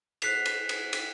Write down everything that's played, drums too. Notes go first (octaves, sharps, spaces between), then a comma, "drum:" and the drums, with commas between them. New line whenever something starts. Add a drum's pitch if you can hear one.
F#6 B6 C7 F7, drum: cymbal
drum: cymbal
drum: cymbal
drum: cymbal